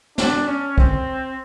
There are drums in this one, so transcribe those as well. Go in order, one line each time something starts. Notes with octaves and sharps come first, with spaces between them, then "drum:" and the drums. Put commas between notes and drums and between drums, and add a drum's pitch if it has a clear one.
D4, drum: snare
C#4
C4, drum: kick